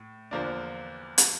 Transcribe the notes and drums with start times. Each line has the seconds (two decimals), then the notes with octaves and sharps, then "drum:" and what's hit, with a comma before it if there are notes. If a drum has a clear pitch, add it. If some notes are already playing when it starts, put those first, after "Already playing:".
Already playing: A2
0.31 E2 D3 F3 A#3 D4
1.18 drum: hi-hat